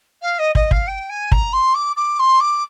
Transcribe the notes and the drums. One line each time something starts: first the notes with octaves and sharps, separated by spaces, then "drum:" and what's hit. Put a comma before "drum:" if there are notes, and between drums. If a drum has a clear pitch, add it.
F5
D#5
D#5, drum: kick
F5, drum: kick
G5
G#5
A#5, drum: kick
C6
D6
D6
C6
D6